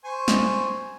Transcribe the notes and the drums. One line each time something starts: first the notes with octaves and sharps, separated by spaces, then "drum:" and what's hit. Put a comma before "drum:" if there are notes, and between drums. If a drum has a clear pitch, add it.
C5 G#5 C#6
drum: snare